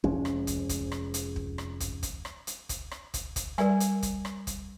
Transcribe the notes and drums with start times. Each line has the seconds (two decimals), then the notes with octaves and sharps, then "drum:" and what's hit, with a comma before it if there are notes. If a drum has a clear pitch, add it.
0.04 F1 F3 G#3 C#4, drum: kick
0.25 drum: rim click
0.47 drum: kick, hi-hat
0.69 drum: kick, hi-hat
0.92 drum: rim click
1.14 drum: hi-hat
1.36 drum: kick
1.58 drum: rim click
1.80 drum: kick, hi-hat
2.03 drum: kick, hi-hat
2.25 drum: rim click
2.47 drum: hi-hat
2.69 drum: kick, hi-hat
2.91 drum: rim click
3.14 drum: kick, hi-hat
3.36 drum: kick, hi-hat
3.58 G3 A#4 D5 G#5, drum: rim click
3.80 drum: hi-hat
4.02 drum: kick, hi-hat
4.25 drum: rim click
4.47 drum: kick, hi-hat